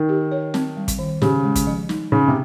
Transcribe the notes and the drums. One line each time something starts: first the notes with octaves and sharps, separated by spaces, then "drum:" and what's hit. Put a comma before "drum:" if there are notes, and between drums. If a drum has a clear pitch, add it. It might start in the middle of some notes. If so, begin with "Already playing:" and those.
Already playing: D#3
G4
C#5
C4, drum: snare
G3
drum: kick, hi-hat
D#3
C#3 G4, drum: snare
G#3
drum: kick, hi-hat
F3
D#4, drum: snare
C#3 D#4
C3